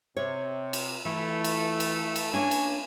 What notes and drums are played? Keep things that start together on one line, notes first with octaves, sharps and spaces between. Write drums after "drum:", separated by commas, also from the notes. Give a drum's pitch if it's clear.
C3 C#5
drum: cymbal
E3 A3
drum: cymbal
drum: cymbal
drum: cymbal
A#3 C#4 D4 C#5 G#5
drum: cymbal